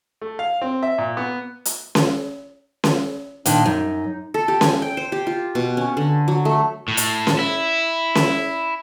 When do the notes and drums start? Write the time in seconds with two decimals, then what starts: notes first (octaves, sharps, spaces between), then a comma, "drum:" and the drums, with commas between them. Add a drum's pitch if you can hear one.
0.21 A3
0.39 F5
0.61 C4
0.83 E5
0.98 A#2
1.17 B3
1.65 drum: hi-hat
1.95 drum: snare C#4
2.84 drum: snare C#4
3.46 A#2 D#3 D4, drum: hi-hat
3.65 F#2 D#4
4.34 A4
4.48 G4
4.61 G#5, drum: snare C#4
4.82 G5
4.97 C5
5.12 G4
5.27 F4
5.55 B2
5.77 C#4
5.97 D3
6.28 F#3
6.45 A3
6.88 A2
6.97 drum: hi-hat
7.27 drum: snare C#4
7.39 E4
8.15 drum: snare C#4